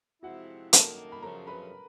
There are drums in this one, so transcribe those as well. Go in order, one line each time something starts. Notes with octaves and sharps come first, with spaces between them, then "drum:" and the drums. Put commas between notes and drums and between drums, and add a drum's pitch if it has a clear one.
C3 F3 G#3 C4 E4 F#4 F#5
F#2 D#3 F#3 A#3 A4 A5, drum: hi-hat
B5
F#2 C#3 F3 A#4 A#5
B4 B5